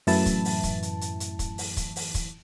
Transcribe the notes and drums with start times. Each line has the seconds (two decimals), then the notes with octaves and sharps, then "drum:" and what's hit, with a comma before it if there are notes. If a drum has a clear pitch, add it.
0.07 F#2 A2 E3 E4 A5, drum: open hi-hat
0.26 drum: kick, hi-hat
0.45 drum: open hi-hat
0.64 drum: kick, hi-hat
0.82 drum: hi-hat
1.01 drum: hi-hat
1.20 drum: hi-hat
1.39 drum: kick, hi-hat
1.58 drum: open hi-hat
1.77 drum: kick, hi-hat
1.96 drum: open hi-hat
2.15 drum: kick, hi-hat